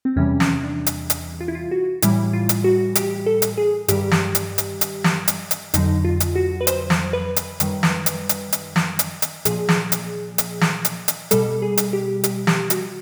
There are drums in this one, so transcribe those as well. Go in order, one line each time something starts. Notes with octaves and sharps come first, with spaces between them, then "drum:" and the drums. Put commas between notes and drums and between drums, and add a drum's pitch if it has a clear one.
C4
E2 C3 E3 G3 C#4
drum: snare
D4
drum: hi-hat
drum: hi-hat
F4
E4
F4
F#4
A2 E3 G3 E4, drum: hi-hat
F4
drum: hi-hat
F#4
G4, drum: hi-hat
A4
drum: hi-hat
G#4
G2 D#3 G3 G4, drum: hi-hat
drum: snare
drum: hi-hat
drum: hi-hat
drum: hi-hat
drum: snare
drum: hi-hat
drum: hi-hat
F2 D3 F#3 D#4, drum: hi-hat
F4
drum: hi-hat
F#4
B4
C5, drum: hi-hat
drum: snare
B4
drum: hi-hat
F#2 D#3 G3, drum: hi-hat
drum: snare
drum: hi-hat
drum: hi-hat
drum: hi-hat
drum: snare
drum: hi-hat
drum: hi-hat
A#2 F3 G#4, drum: hi-hat
drum: snare
drum: hi-hat
drum: hi-hat
drum: snare
drum: hi-hat
drum: hi-hat
B2 G3 A4, drum: hi-hat
G#4
drum: hi-hat
G4
G4, drum: hi-hat
G4, drum: snare
F#4, drum: hi-hat